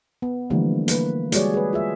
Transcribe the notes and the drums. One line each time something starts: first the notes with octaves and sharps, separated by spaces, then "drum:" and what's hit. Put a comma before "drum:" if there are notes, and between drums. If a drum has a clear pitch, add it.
B3
D3 E3 F3 G3 A3 A#3
A#3 B4, drum: hi-hat
G3 G#3 F#4 G#4 C#5 D5, drum: hi-hat
G#4 B4
F4 G#4 E5